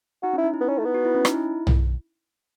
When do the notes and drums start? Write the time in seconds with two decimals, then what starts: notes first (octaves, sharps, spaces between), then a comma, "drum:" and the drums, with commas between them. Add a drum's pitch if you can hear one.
0.23 D#4 F#4
0.33 C#4 E4
0.44 D#4
0.54 E4
0.61 B3
0.68 C#4 D#4
0.79 A3
0.84 B3 D#4
0.94 F#4
1.05 E4
1.14 C#4
1.25 D#4, drum: rim click
1.34 E4
1.67 drum: tom B1